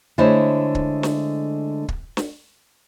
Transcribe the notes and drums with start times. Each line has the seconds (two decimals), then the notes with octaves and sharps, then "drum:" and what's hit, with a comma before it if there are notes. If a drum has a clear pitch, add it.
0.18 D3 G#3 A3 E4 C5 C#5
0.75 drum: kick
1.03 drum: snare
1.88 drum: kick
2.17 drum: snare